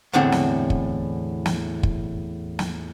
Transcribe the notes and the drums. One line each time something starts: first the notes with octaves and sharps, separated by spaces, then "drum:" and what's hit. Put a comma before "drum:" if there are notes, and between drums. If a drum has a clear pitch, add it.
E2 A2 D3 C4 D4 F#5
drum: snare
drum: kick
drum: snare
drum: kick
drum: snare